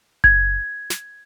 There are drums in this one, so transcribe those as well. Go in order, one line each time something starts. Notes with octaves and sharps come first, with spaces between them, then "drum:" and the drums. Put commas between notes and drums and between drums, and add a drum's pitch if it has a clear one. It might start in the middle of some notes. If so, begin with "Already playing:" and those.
G#6, drum: kick F#1
drum: snare